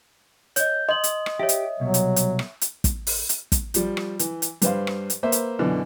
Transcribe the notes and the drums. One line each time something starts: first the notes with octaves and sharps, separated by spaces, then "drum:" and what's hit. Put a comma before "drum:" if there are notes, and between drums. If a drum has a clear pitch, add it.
C#5 D#5 G6, drum: hi-hat
D#5 C6 F#7
drum: hi-hat
drum: rim click
G4 C#5 E5
drum: hi-hat
C2 B2 F#3
drum: hi-hat
drum: hi-hat
drum: rim click
drum: hi-hat
drum: kick, hi-hat
drum: open hi-hat
drum: hi-hat
drum: kick, hi-hat
F3 G3, drum: hi-hat
drum: rim click
E3, drum: hi-hat
drum: hi-hat
G2 B4 C5 F5, drum: hi-hat
drum: rim click
drum: hi-hat
A#3 B4 C5 E5
drum: hi-hat
F#2 B2 D3 E3